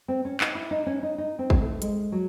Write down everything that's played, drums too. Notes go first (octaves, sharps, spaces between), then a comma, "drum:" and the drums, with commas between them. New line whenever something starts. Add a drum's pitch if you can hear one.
C4
C#4
D#4, drum: clap
E4
D#4
C#4
D#4
D#4
C4
drum: kick
A3
G#3, drum: hi-hat
F#3